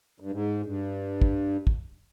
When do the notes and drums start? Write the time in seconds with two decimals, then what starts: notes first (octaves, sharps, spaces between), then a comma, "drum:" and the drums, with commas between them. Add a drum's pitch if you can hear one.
0.20 G2
0.31 G#2
0.65 G2
1.22 drum: kick
1.67 drum: kick